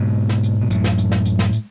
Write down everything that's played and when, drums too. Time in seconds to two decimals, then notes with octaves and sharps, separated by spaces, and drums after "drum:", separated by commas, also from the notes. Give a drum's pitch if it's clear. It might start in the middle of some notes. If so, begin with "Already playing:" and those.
Already playing: G#2 B2
0.29 drum: snare
0.43 drum: hi-hat
0.61 B2
0.70 F#2 A2, drum: hi-hat
0.84 drum: snare
0.98 drum: hi-hat
1.12 drum: snare
1.25 drum: hi-hat
1.39 drum: snare
1.53 drum: hi-hat